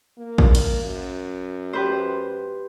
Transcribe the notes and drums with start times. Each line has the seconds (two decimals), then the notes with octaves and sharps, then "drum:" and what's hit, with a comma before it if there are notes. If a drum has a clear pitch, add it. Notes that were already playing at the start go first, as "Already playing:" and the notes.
0.18 A#3
0.38 drum: kick A1
0.55 drum: cymbal
0.84 F#2
1.73 G4 B4 C5